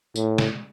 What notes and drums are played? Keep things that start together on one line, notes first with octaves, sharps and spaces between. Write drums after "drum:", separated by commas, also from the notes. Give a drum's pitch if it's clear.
A2, drum: tambourine
drum: snare